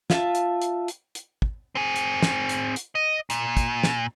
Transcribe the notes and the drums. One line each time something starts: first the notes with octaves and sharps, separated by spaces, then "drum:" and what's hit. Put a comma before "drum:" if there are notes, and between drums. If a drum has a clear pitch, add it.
F4 E5 A5, drum: snare
drum: hi-hat
drum: hi-hat
drum: hi-hat
drum: hi-hat
drum: kick
C4 G#4
drum: hi-hat
drum: snare
drum: hi-hat
drum: hi-hat
D#5
A#2, drum: hi-hat
drum: kick, hi-hat
drum: snare